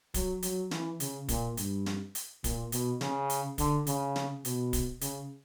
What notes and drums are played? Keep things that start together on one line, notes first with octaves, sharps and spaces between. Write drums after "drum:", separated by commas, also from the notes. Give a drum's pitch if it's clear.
F#3, drum: kick, hi-hat
F#3, drum: hi-hat
E3, drum: snare
C#3, drum: hi-hat
A#2, drum: kick, hi-hat
G2, drum: hi-hat
drum: snare
drum: hi-hat
A#2, drum: kick, hi-hat
B2, drum: hi-hat
C#3, drum: snare
drum: hi-hat
D3, drum: kick, hi-hat
C#3, drum: hi-hat
drum: snare
B2, drum: hi-hat
drum: kick, hi-hat
C#3, drum: hi-hat